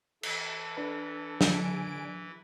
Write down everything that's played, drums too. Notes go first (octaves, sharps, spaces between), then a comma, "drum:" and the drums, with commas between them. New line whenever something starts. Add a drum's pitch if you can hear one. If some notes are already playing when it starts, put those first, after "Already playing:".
E3 A4, drum: cymbal
D4 B4
D3 G#5 D7, drum: snare